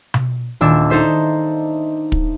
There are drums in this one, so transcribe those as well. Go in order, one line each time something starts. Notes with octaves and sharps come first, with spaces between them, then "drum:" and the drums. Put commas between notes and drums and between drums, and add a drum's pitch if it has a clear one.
drum: tom B2
D#1 D4 E6
D#4 A4 C5 E5
drum: kick